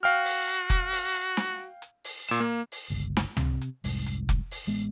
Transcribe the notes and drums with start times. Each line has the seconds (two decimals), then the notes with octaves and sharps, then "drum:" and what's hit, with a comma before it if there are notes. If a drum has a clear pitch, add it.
0.03 F#4 F5 G5 F6
0.25 drum: open hi-hat
0.47 drum: hi-hat
0.70 drum: kick F1, hi-hat
0.92 drum: open hi-hat
1.15 drum: hi-hat
1.37 drum: snare
1.82 drum: hi-hat
2.04 drum: open hi-hat
2.29 A#2 E7, drum: hi-hat
2.40 A#3
2.72 drum: open hi-hat
2.90 G1 C#2
3.17 drum: snare
3.37 C3, drum: tom
3.62 drum: hi-hat
3.84 F1 C2 G#2, drum: open hi-hat
4.06 drum: hi-hat
4.29 drum: kick F1, hi-hat
4.51 drum: open hi-hat
4.67 A1 G#3 B3